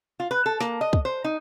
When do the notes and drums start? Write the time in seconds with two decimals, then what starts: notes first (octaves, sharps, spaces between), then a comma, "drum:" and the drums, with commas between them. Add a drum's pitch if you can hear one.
0.20 F4
0.31 B4
0.46 A4
0.60 A#3, drum: snare
0.81 D#5
0.93 drum: kick
1.05 C5
1.24 D#4